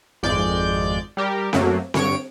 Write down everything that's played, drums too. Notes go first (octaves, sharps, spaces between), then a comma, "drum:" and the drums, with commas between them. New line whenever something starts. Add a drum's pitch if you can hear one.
G#1 F2 G#3 D5 G6
G3 G4 A#4
F#2 F#3 A3 A#3, drum: snare C4
G2 D3 C#5 D7, drum: snare C4